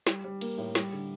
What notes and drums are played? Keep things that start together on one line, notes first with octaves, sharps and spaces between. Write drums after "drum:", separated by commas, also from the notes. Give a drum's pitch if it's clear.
G3, drum: snare
G3
A#3, drum: cymbal
A2
G3, drum: snare
D3